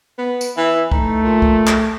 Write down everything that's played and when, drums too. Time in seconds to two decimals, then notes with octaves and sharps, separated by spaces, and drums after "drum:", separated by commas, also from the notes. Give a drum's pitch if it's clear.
0.18 B3
0.41 drum: tambourine
0.57 E3 E5
0.92 A3 D#4, drum: kick
1.24 A#2
1.42 drum: kick
1.67 drum: clap